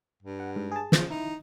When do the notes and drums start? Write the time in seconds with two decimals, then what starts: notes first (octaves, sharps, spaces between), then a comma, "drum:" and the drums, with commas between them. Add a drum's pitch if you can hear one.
0.23 G2
0.40 F#5
0.56 G#2
0.72 G#4 A5
0.92 F3, drum: snare
1.10 D#4 E4